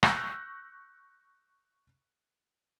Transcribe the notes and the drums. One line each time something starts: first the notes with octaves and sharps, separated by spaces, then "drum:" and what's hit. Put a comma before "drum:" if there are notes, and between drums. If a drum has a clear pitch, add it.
C#6 E6 F#6 G6 A#6, drum: rim click